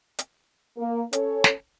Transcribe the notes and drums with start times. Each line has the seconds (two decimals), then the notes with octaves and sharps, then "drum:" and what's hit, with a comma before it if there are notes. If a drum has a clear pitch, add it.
0.19 drum: hi-hat
0.78 A#3
1.13 C#4 A4 C#5, drum: hi-hat
1.44 drum: snare